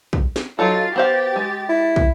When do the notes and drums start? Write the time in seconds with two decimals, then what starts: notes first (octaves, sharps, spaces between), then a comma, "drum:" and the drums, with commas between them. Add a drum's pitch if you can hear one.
0.13 drum: kick
0.36 drum: snare
0.59 F#3 D#4 F4 A4 F5 A6
0.96 B3 G4 C5 F5 A6
1.36 G#3
1.69 E4
1.96 drum: kick